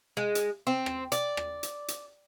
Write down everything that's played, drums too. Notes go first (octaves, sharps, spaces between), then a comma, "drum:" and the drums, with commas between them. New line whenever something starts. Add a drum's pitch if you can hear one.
G#3
drum: hi-hat
C4
drum: rim click
D5, drum: hi-hat
drum: rim click
drum: hi-hat
drum: hi-hat